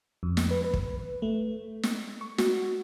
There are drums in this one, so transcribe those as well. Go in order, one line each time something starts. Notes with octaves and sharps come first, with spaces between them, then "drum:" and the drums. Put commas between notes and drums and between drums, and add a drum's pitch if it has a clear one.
F2
drum: snare
B4
B4
drum: kick
A3
drum: snare
C#6
F#4, drum: snare